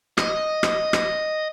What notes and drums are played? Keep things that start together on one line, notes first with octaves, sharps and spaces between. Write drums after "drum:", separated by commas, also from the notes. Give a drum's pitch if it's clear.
D#5, drum: rim click
drum: rim click
drum: rim click